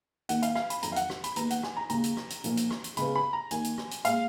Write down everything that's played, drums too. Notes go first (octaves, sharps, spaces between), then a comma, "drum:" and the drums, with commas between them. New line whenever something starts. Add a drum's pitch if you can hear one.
D#2 D#3 A#3 F#5, drum: hi-hat
F5, drum: hi-hat
F5, drum: rim click
B5, drum: hi-hat
F2 D#3 F#3 A#5, drum: hi-hat
F5
F#5, drum: hi-hat
drum: rim click
B5, drum: hi-hat
D#2 D#3 G#3 B3 A#5, drum: hi-hat
F#5, drum: hi-hat
G#5, drum: rim click
A#5
D#2 C#3 G#3 A#5, drum: hi-hat
drum: hi-hat
drum: rim click
drum: hi-hat
B1 A#2 F3 A#3, drum: hi-hat
drum: hi-hat
drum: rim click
drum: hi-hat
C#2 C#3 G#3 B3 B5, drum: hi-hat
B5
A#5
D#2 D#3 A#3 G#5, drum: hi-hat
drum: hi-hat
drum: rim click
drum: hi-hat
A#2 G#3 F5, drum: hi-hat